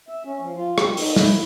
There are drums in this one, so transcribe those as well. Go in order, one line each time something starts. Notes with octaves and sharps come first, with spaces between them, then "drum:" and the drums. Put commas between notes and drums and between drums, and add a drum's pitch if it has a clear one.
E5
C#4
F3
F4
G4, drum: rim click
D#4, drum: open hi-hat
E4, drum: snare